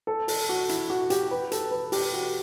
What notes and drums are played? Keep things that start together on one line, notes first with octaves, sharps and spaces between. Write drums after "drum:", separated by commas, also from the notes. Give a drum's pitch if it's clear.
A4
A4, drum: open hi-hat
F#4
E4, drum: hi-hat
F#4
G4, drum: hi-hat
B4
A4, drum: hi-hat
B4
G4, drum: open hi-hat
F#4